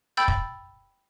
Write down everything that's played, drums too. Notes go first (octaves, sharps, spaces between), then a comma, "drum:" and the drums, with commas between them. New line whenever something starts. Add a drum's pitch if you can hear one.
G5 B5 E6 G6 A6
drum: kick